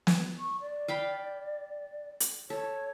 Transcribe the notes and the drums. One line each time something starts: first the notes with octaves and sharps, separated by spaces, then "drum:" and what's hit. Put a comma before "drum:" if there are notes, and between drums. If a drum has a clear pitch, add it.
drum: snare
C#6
D5
F5 G5 B5
drum: hi-hat
A4 C#5